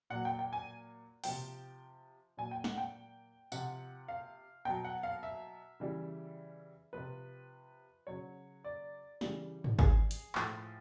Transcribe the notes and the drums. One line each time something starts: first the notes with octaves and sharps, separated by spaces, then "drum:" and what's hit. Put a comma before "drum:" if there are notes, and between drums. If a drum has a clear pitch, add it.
A#2 F#3 F#5
G5
G5
G#5
C3 F3 G5, drum: open hi-hat
A#2 F#3 G#5
G5
F#5, drum: snare
G5
C3 F3 F#5, drum: tambourine
F5
B2 F#3 G5
F#5
F5
E5
C#3 E3 G3
C3 F3 B4
C#3 F#3 C#5
D5
C#3 E3 G3, drum: snare
drum: tom G2
G#4, drum: kick G#1
drum: hi-hat
A2 F3, drum: clap